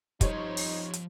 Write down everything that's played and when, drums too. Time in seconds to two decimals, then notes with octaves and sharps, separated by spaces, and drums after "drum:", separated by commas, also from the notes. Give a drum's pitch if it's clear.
0.21 F3 G3 D#4 C5 C#5 D#5, drum: kick, hi-hat
0.57 drum: open hi-hat
0.93 drum: hi-hat